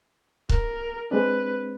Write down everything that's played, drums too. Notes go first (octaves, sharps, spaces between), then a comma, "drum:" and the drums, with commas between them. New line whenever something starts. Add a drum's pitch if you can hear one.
A#4, drum: kick C#1
G#3 C4 D4 B4